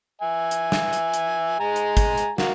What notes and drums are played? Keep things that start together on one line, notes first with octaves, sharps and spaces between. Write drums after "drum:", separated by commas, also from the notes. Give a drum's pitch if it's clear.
E5 G#5
drum: hi-hat
drum: snare
drum: hi-hat
drum: hi-hat
G#3 G#5 A#5
drum: hi-hat
drum: kick, hi-hat
drum: hi-hat
F#4 A#4 F5, drum: snare